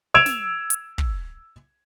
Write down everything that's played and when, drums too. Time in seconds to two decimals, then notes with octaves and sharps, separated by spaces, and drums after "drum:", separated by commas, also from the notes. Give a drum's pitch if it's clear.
0.14 E6 G#6 D7 E7 F7
0.26 drum: snare
0.70 drum: hi-hat
0.98 drum: kick